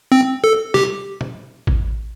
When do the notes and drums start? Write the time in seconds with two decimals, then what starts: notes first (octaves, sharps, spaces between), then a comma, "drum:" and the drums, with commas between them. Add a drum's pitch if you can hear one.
0.12 C4
0.44 A4
0.74 G4, drum: snare
1.21 drum: tom
1.67 drum: kick